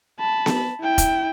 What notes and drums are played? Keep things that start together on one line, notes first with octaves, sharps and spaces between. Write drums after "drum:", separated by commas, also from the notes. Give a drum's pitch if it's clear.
A5 B5
drum: snare B3
E4 G5
drum: kick E1, hi-hat